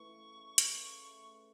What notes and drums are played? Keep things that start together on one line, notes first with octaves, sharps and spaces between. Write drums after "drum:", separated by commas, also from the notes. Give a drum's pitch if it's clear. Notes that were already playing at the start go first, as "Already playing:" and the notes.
Already playing: A2 C#3 E3 A3 C#6
A4
C#3
B4, drum: hi-hat
F#4
A3
B4